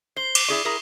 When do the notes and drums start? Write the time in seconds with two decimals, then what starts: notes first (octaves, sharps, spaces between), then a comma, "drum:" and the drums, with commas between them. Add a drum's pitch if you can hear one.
0.17 C5 C7 G7
0.35 D6, drum: cymbal
0.49 E4 G#4 D5 C#6
0.65 E4 G#4 A#4